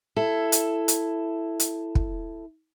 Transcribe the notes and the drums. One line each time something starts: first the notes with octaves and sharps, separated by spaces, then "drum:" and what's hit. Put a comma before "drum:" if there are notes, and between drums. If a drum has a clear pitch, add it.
E4 A4
drum: hi-hat
drum: hi-hat
drum: hi-hat
drum: kick